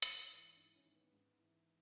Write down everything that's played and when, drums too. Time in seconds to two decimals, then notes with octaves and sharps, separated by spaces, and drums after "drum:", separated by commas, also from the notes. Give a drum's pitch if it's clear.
0.02 G#2 E4, drum: hi-hat
0.30 E3
0.57 G#2 E4
0.76 C#4
0.85 D#3
0.94 B3
1.13 G#2
1.39 E3